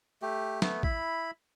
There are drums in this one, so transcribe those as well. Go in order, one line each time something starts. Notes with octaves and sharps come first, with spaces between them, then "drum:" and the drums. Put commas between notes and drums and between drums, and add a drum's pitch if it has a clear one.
A3 G4
A3 B3, drum: snare
E4 B5, drum: kick